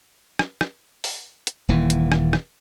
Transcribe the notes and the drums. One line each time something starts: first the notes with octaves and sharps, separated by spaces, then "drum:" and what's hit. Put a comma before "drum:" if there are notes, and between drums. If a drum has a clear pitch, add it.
drum: rim click
drum: rim click
drum: open hi-hat
drum: hi-hat
D#1 D#2 E3
drum: hi-hat
drum: rim click
drum: rim click